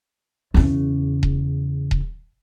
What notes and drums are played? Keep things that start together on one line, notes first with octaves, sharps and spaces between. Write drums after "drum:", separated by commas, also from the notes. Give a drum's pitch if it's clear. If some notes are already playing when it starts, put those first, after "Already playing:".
E2 C#3, drum: snare
drum: kick D#1
drum: kick D#1